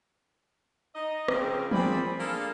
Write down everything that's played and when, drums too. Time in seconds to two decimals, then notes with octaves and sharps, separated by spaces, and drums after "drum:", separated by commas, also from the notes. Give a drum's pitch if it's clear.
0.95 D#4 D#5
1.28 C#3 F3 A#3 C4, drum: rim click
1.71 A#2 C4 G#4 D5 B5, drum: tom E3
2.18 A#3 D4 F4 G#4 A4